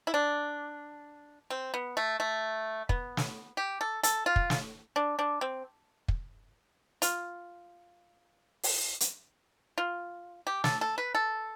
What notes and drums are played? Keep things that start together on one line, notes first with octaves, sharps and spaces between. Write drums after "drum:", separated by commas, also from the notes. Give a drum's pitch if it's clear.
E4
D4
C4
B3
A3
A3
B3, drum: kick
drum: snare
G4
A4
A4, drum: hi-hat
F4
drum: kick
drum: snare
D4
D4
C4
drum: kick
F4, drum: hi-hat
drum: open hi-hat
drum: hi-hat
F4
G4
A4, drum: snare
A4
B4
A4